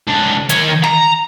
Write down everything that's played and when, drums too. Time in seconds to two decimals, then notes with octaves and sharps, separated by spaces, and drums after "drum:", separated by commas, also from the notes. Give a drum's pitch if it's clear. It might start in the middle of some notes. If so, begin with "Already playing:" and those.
0.07 C#2 D4
0.49 D#3 C#5, drum: hi-hat
0.84 A#5, drum: snare